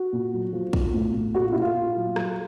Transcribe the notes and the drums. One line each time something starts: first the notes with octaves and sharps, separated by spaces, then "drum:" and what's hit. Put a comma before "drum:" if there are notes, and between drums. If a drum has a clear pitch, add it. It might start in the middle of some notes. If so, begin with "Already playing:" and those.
Already playing: F#4
A#2
F#3
F3
F3, drum: kick
A2
A2
A#2 F#4
F4
A#2 E4
F4
A#2
F#3
F#3, drum: rim click